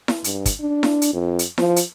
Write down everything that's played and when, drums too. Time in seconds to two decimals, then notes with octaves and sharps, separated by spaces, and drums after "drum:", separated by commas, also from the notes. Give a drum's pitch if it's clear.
0.08 drum: snare E4
0.24 G2, drum: hi-hat
0.46 drum: kick, hi-hat
0.60 D4
0.83 drum: snare E4
1.02 drum: hi-hat
1.13 F2
1.39 drum: hi-hat
1.58 F3, drum: snare E4
1.76 drum: hi-hat